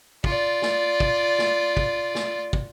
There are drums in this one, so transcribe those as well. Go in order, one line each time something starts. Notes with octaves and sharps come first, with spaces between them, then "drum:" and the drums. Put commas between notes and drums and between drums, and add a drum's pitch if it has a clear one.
F4 D5, drum: kick
drum: snare
drum: kick
drum: snare
drum: kick
drum: snare
drum: kick